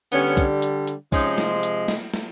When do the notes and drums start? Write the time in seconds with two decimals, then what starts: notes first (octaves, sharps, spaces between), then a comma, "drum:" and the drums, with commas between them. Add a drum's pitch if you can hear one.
0.12 D3 G3 B3 C#4, drum: hi-hat
0.37 drum: kick, hi-hat
0.62 drum: hi-hat
0.88 drum: hi-hat
1.12 C3 F3 G#3 C#4 D#4, drum: kick, open hi-hat
1.38 drum: snare
1.63 drum: hi-hat
1.88 drum: snare
2.14 drum: snare